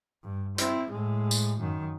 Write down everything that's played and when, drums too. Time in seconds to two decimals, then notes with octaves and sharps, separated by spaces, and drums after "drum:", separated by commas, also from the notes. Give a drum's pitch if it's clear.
0.24 G2
0.58 C4 E4, drum: hi-hat
0.89 A2 G#3
1.31 drum: tambourine
1.59 F#2 D#3